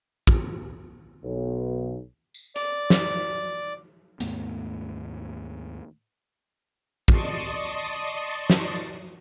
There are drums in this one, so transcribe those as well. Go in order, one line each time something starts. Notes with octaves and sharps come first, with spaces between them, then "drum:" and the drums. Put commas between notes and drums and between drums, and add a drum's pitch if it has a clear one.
drum: kick
B1
drum: tambourine
D5, drum: hi-hat
drum: snare
D#2 G#2 A3 B3, drum: hi-hat
D5 D#5 A5 C6 C#6 D#6, drum: kick
drum: snare